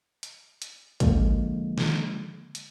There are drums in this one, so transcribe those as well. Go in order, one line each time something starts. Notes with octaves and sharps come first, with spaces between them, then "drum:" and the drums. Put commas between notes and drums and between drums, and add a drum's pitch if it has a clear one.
drum: hi-hat
drum: hi-hat
D3 F3 G#3 A#3, drum: kick, hi-hat
drum: snare
drum: hi-hat